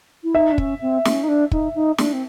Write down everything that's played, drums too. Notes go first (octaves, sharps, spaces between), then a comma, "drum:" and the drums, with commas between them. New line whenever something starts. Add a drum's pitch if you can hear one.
E4
D#4 E5
D4
C#4, drum: kick
C4
C#4, drum: snare
D#4
D4
D#4, drum: kick
D#4
D4, drum: snare
C4